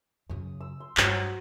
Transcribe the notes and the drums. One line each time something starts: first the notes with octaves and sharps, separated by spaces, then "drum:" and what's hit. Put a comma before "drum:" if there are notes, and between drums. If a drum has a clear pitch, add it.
F#2 C#3 D#6
E6
C6
G2 F#3 C5, drum: clap